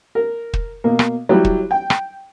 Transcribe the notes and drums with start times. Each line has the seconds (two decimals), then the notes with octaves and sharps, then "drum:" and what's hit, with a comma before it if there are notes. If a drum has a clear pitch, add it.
0.15 A#4
0.53 drum: kick
0.84 B2 A#3
0.99 drum: rim click
1.29 F#3 G3 E4
1.45 drum: kick
1.71 G5
1.90 drum: rim click